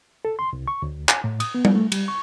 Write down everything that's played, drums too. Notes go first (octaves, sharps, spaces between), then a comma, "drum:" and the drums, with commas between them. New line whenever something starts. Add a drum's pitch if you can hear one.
A4
C6
C2
C#6
D2
G#5, drum: clap
A2
D#6, drum: cymbal
B3
drum: tom G3
A3
G3, drum: cymbal
C#6